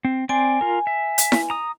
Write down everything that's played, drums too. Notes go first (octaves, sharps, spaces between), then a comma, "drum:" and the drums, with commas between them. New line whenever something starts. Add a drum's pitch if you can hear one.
C4
C4 D5 G#5 C6
F4 A#4
E5
drum: hi-hat
drum: snare E4
A#5 D#6